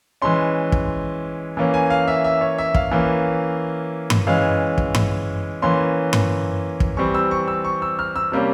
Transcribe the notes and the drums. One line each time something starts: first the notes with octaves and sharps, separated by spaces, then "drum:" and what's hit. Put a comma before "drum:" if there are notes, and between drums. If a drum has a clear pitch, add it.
E3 G#3 C#4 C6
drum: kick
E3 A#3 C#4
G#5
F5
E5
E5
C#5
E5
F5, drum: kick
E3 A#3 C#4
drum: tom G2
E3 G#3 C#4 F5
drum: kick
drum: tom G2
E3 A#3 C#4 C6
drum: tom G2
drum: kick
E3 G3 C4 C#6
E6
C#6
E6
C#6
E6
F6
E6
C3 G3 A#3 C#4